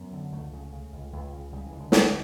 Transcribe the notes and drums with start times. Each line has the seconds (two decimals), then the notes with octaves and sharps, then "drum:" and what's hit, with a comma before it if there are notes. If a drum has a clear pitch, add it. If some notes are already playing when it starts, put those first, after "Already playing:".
Already playing: F#2 B3
0.13 D3
0.32 C#2 A3
0.53 C#3
0.72 C#3
0.93 C#2
1.13 C#2
1.33 C#3
1.53 C#3 G3
1.66 E3
1.72 C#2
1.80 D3
1.92 F#1, drum: snare